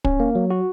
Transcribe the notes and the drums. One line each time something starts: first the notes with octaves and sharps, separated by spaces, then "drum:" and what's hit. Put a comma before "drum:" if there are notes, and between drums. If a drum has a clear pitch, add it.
C#4, drum: kick
A#3
F#3
F#4